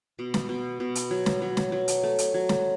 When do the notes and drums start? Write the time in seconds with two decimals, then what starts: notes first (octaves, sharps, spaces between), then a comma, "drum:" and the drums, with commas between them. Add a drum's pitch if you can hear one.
0.19 B2
0.34 drum: snare
0.49 B2
0.80 B2
0.95 drum: hi-hat
1.11 F#3
1.26 drum: snare
1.42 F#3
1.57 drum: snare
1.72 F#3
1.88 drum: hi-hat
2.03 A3
2.18 drum: hi-hat
2.34 F#3
2.49 drum: snare